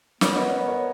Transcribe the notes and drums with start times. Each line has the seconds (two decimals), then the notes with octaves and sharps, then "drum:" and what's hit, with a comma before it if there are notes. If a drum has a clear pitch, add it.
0.21 B3 A#4 C#5, drum: snare
0.35 B4 D#5
0.49 C#5
0.58 D#5
0.66 A#4 C#5